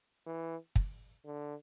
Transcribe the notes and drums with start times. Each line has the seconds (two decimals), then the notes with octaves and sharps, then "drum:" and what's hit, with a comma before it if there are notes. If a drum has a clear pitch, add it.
0.26 E3
0.76 drum: kick
1.25 D3